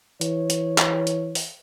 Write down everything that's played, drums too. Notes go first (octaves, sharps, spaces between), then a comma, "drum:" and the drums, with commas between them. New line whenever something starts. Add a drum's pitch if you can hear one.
E3 C#5, drum: hi-hat
drum: hi-hat
drum: clap
drum: hi-hat
drum: open hi-hat